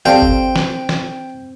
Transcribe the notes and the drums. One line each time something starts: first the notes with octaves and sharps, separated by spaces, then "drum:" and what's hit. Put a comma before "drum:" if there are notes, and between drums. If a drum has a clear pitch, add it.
F3 G3 C4 A4 G5
drum: kick G1
drum: snare
drum: snare